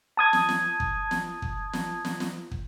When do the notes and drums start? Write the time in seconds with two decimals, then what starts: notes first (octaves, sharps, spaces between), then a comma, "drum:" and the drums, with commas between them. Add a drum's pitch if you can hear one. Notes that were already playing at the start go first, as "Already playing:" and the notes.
0.17 A5 D#6 G#6
0.33 drum: snare
0.49 drum: snare
0.80 drum: kick
1.11 drum: snare
1.42 drum: kick
1.73 drum: snare
2.05 drum: snare
2.20 drum: snare
2.51 drum: kick